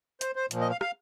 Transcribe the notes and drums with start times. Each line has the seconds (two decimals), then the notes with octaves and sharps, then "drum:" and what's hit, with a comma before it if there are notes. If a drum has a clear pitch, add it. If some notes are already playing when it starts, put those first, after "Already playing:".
0.21 C5, drum: hi-hat
0.36 C5
0.51 A#2 F3, drum: hi-hat
0.61 D#5
0.70 F5
0.81 F5, drum: rim click